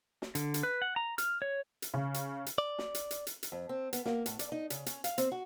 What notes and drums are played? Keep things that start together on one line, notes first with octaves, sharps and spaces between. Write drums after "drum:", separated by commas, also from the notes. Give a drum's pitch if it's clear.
drum: snare
D3, drum: hi-hat
drum: hi-hat
B4
F#5
A#5
F6, drum: hi-hat
C#5
drum: hi-hat
C#3
drum: hi-hat
drum: hi-hat
D5
drum: snare
drum: hi-hat
drum: hi-hat
drum: hi-hat
drum: hi-hat
F2
C4
B3, drum: hi-hat
A#3, drum: snare
A2, drum: hi-hat
D5, drum: hi-hat
D#4
C#3, drum: hi-hat
C#4, drum: hi-hat
F5, drum: hi-hat
C4, drum: hi-hat
F#4